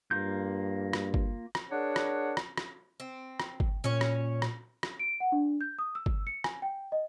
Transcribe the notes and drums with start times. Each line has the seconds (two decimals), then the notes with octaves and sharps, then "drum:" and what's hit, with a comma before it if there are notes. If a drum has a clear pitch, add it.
0.11 G2 A#3 F4 G6
0.93 drum: rim click
1.14 drum: kick G1
1.55 drum: rim click
1.71 D4 G#4 A#4 C#5 F#5
1.96 drum: rim click
2.37 drum: rim click
2.57 drum: rim click
3.00 C4
3.40 drum: rim click
3.60 drum: kick G1
3.84 A#2 C#4 C#5
4.01 drum: rim click
4.42 drum: rim click
4.83 drum: rim click
4.99 D7
5.20 F#5
5.32 D4
5.61 G6
5.79 D#6
5.95 E6
6.06 drum: kick G1
6.27 C#7
6.44 G#5, drum: rim click
6.62 G5
6.92 D#5